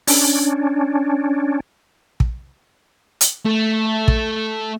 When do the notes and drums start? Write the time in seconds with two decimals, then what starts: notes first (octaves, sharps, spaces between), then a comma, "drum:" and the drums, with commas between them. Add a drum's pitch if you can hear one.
0.07 C#4 D4, drum: open hi-hat
2.20 drum: kick
3.21 drum: hi-hat
3.46 A3
4.08 drum: kick